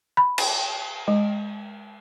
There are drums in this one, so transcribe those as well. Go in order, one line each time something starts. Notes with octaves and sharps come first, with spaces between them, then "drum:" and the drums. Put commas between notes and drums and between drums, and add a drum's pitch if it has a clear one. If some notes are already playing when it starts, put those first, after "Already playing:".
B5
drum: cymbal
G#3